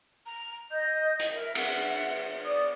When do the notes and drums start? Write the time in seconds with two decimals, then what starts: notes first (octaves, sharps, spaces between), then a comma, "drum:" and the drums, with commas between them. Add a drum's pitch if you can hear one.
0.26 A#5
0.71 D#5 G6
1.20 drum: hi-hat
1.34 A#4 E5
1.55 F#5, drum: cymbal
2.45 D5 D#6